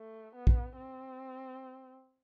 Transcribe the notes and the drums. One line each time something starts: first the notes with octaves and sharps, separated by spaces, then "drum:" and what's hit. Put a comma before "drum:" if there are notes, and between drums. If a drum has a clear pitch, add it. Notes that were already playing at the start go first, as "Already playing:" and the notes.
Already playing: A3
B3
drum: kick
C4